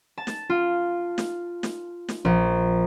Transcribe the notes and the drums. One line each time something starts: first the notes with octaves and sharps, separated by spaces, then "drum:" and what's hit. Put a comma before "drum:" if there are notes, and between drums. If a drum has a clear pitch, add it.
A5
drum: snare
F4
drum: snare
drum: snare
drum: snare
A#1